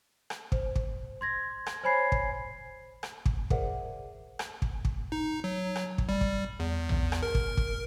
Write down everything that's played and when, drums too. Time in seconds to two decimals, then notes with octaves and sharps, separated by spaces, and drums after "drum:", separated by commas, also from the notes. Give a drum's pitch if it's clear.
0.30 drum: rim click
0.52 C5, drum: kick
0.76 drum: kick
1.21 C6 G#6 A#6
1.66 drum: rim click
1.83 C5 C#5 G#5 B5 G#6 C7
2.12 drum: kick
3.03 drum: rim click
3.26 drum: kick
3.50 G#4 A#4 C5 D5 E5 F#5, drum: kick
4.39 drum: rim click
4.62 drum: kick
4.85 drum: kick
5.12 D#4
5.44 F#3
5.76 drum: rim click
5.98 drum: kick
6.09 G3
6.21 drum: kick
6.60 E2
6.89 drum: tom A#1
7.12 drum: rim click
7.23 A#4
7.35 drum: kick
7.57 drum: kick